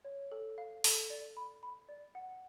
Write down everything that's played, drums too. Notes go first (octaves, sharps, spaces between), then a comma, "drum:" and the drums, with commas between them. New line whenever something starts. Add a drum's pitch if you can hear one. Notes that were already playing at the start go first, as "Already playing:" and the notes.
C#5
A4
F5
A4, drum: open hi-hat
D5
B5
B5
D5
F#5